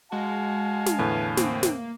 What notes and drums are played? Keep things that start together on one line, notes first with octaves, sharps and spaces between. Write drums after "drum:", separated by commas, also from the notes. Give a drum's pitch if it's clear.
G#3 F#4 F5 G#5 A5
drum: snare
E2 A2 D3 B4
A#3 C4, drum: snare
drum: snare